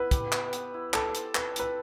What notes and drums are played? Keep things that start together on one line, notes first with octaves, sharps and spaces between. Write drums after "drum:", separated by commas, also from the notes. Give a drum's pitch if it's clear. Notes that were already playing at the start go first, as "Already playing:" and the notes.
Already playing: B3 E4 B4
G4, drum: kick, hi-hat
B3, drum: clap
B3, drum: hi-hat
E4
G4 A4, drum: clap
C5, drum: hi-hat
C4 B4, drum: clap
E4 B4, drum: hi-hat